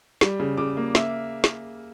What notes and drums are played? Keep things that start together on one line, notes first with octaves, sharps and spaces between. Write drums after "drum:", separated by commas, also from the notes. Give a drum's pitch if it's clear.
G3, drum: snare
C#3
C#3 D6
A#3
A#3 E5, drum: snare
drum: snare